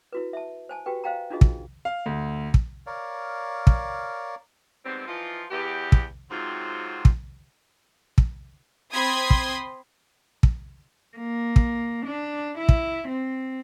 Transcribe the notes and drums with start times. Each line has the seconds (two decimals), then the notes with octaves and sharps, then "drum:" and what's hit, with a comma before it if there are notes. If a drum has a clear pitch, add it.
0.13 E4 F#4 B4
0.33 E5 A5
0.69 C5 G#5 A5
0.86 F#4 G4 B4 G5
1.04 C5 D#5 F5 G5 A#5
1.30 D4 D#4 F4 F#4 G#4 D#5
1.41 drum: kick
1.85 F5
2.06 D2
2.54 drum: kick
2.86 A#4 C#5 D5 F5
3.67 drum: kick
4.85 G#2 B2 F#3 G3 C4
5.07 E3 F3 D#4 F4
5.51 E2 G4
5.92 drum: kick
6.31 G#2 C3 F#3 C4 F4 F#4
7.05 drum: kick
8.18 drum: kick
8.92 C4 B5 C6 D#6 G#6
9.30 drum: kick
10.43 drum: kick
11.17 A#3
11.56 drum: kick
12.06 D4
12.58 E4
12.69 drum: kick
13.08 C4